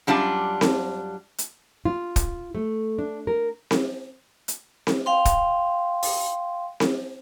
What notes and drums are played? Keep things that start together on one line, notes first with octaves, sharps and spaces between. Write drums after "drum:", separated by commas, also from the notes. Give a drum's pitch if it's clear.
F#2 G3 D4 F4 A5
drum: snare C4
drum: hi-hat
F4
drum: kick, hi-hat
A3
D4
A#4
drum: snare C4
drum: hi-hat
drum: snare C4
F5 G5 C6
drum: kick, hi-hat
drum: open hi-hat
drum: snare C4